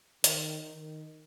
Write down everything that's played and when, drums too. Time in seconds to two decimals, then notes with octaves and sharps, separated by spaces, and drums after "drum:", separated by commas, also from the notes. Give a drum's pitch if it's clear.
0.24 D#3, drum: hi-hat
0.71 D#3